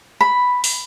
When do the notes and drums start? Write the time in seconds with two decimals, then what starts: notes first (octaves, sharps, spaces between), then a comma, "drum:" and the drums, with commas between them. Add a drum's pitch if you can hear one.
0.21 B5
0.64 drum: open hi-hat